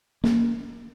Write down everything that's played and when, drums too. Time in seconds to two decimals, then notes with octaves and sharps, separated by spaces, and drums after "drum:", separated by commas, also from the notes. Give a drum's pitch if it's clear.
0.24 A#3, drum: snare